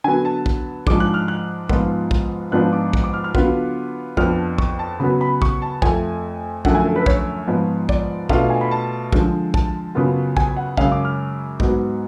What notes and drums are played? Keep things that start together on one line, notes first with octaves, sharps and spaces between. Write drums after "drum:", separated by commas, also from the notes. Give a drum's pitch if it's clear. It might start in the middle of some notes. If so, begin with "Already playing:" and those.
D3 F#3 B3 G#5
A5
drum: kick
G#2 F3 G#3 D4 D6, drum: kick
F#6
F6
F#6
G#2 F3 B3 F4, drum: kick
drum: kick
G#2 F3 B3 D4 F4 F#6
D6
drum: kick
D6
F6
F6
D3 F#3 B3 F4, drum: kick
F2 F3 B3 D4 F6, drum: kick
C#6, drum: kick
A5
C#3 F#3 B3 B5
B5
C#6, drum: kick
A5
F2 F3 A3 G#5, drum: kick
F#2 D3 F3 A3 F#5, drum: kick
G#5
A4
B4
C#5, drum: kick
G#2 F3 B3 F4
D5, drum: kick
B2 A3 D4 F4 F5, drum: kick
G#5
B5
A5
D3 F3 G#3, drum: kick
A5, drum: kick
F#2 C#3 F#3 B3 F4
G#5, drum: kick
F#5
F#2 C#3 G#3 C#4 F5, drum: kick
D6
F6
G#2 F#3 B3, drum: kick